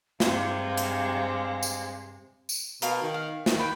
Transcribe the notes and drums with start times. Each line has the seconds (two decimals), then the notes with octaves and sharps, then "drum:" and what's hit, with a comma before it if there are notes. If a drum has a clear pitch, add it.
0.20 G2 C3 G#3 F5, drum: snare
0.77 drum: hi-hat
1.63 drum: tambourine
2.49 drum: tambourine
2.82 B2 A#4 F5, drum: hi-hat
3.02 D#3
3.14 F5
3.46 D#3, drum: snare
3.59 B4 G5